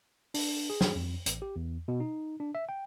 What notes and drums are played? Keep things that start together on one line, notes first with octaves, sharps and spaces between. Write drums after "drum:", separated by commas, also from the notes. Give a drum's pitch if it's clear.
D4, drum: open hi-hat
G#4
drum: snare
F2
A1, drum: hi-hat
G4
E2
B2
D#4
D4
E5
G5